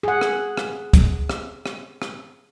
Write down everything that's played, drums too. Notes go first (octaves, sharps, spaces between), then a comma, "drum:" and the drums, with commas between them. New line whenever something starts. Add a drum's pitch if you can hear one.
G#4 F#5
drum: rim click
drum: rim click
drum: kick, hi-hat
drum: rim click
drum: rim click
drum: rim click